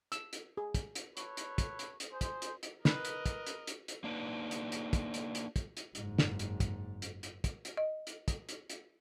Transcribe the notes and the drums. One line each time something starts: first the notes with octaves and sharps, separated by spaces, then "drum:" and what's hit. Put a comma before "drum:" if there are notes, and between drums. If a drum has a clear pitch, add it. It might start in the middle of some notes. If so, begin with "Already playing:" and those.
E6, drum: hi-hat
drum: hi-hat
G#4
drum: kick, hi-hat
drum: hi-hat
A4 B4 C#5, drum: hi-hat
drum: hi-hat
drum: kick, hi-hat
drum: hi-hat
drum: hi-hat
G#4 C5
drum: kick, hi-hat
drum: hi-hat
drum: hi-hat
A#4 B4 D#5, drum: snare
drum: hi-hat
drum: kick, hi-hat
drum: hi-hat
drum: hi-hat
drum: hi-hat
A#3 D4 D#4 B4
drum: hi-hat
drum: hi-hat
drum: kick, hi-hat
drum: hi-hat
drum: hi-hat
drum: kick, hi-hat
drum: hi-hat
F#1 G#2, drum: hi-hat
drum: snare
drum: hi-hat
drum: kick, hi-hat
drum: hi-hat
drum: hi-hat
drum: kick, hi-hat
drum: hi-hat
D#5
drum: hi-hat
drum: kick, hi-hat
drum: hi-hat
drum: hi-hat